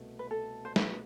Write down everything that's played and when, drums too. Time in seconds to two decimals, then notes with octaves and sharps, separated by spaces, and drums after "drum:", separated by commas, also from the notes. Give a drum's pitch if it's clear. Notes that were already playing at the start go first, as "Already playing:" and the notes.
Already playing: C2 B2 A3
0.19 B4
0.31 A4
0.65 C5
0.76 B4, drum: snare